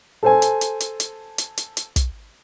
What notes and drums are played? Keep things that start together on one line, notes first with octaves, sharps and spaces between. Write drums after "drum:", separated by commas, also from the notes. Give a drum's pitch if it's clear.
A4 C5 G#5
drum: hi-hat
drum: hi-hat
drum: hi-hat
drum: hi-hat
drum: hi-hat
drum: hi-hat
drum: hi-hat
drum: kick, hi-hat